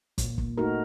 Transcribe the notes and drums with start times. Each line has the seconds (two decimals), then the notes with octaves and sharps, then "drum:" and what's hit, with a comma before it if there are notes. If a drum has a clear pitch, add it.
0.18 A#2, drum: kick, hi-hat
0.38 drum: kick
0.57 A3 D#4 F#4 A#4